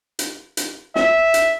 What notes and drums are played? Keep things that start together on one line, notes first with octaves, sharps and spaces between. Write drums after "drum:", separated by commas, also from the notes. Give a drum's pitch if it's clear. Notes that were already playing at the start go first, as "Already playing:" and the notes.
drum: hi-hat
drum: hi-hat
E5, drum: snare
drum: hi-hat